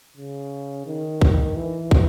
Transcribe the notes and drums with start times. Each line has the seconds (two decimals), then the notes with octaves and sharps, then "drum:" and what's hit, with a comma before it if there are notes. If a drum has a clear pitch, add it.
0.17 C#3
0.87 D#3
1.21 drum: kick
1.56 E3
1.91 drum: kick